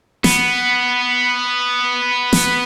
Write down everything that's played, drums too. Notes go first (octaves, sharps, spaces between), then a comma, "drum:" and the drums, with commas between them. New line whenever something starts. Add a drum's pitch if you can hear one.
B3, drum: snare
drum: snare